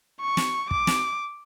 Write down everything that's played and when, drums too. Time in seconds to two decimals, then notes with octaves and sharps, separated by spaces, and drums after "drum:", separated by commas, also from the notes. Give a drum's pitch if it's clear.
0.21 C#6
0.37 drum: snare
0.71 D6, drum: kick
0.87 drum: snare